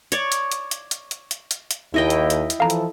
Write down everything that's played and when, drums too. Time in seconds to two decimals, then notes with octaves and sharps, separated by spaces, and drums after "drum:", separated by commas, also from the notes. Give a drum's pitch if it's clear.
0.12 C#5 D5, drum: hi-hat
0.32 drum: hi-hat
0.52 drum: hi-hat
0.71 drum: hi-hat
0.91 drum: hi-hat
1.11 drum: hi-hat
1.31 drum: hi-hat
1.51 drum: hi-hat
1.71 drum: hi-hat
1.94 D#2 E4 D#5 G5
2.10 drum: hi-hat
2.30 drum: hi-hat
2.50 drum: hi-hat
2.60 E3 F3 A4 F5 A#5
2.70 drum: hi-hat